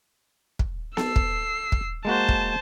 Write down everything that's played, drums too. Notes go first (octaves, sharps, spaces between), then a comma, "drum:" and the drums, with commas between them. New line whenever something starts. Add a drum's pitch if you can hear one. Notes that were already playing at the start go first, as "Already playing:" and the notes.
drum: kick
A4 E6 C7, drum: snare B3
drum: kick
drum: kick
G#3 A#3 F#4 C5 A5
drum: kick